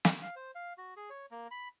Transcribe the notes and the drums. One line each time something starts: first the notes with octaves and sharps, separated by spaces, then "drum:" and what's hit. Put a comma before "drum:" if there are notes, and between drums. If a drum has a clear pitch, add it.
drum: snare
F5
C5
F5
F#4
G#4
C#5
A#3
B5